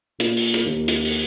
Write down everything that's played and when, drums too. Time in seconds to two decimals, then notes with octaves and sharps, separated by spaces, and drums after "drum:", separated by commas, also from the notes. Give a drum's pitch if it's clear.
0.20 A#2, drum: hi-hat
0.37 drum: open hi-hat
0.54 drum: hi-hat
0.65 D#2
0.88 drum: hi-hat
1.05 drum: open hi-hat